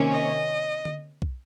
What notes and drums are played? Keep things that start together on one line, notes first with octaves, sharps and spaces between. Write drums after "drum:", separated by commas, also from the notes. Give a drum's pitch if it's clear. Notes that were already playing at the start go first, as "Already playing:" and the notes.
Already playing: C3 D#3 A#3 C#4
D#5
drum: tom D3
drum: kick B1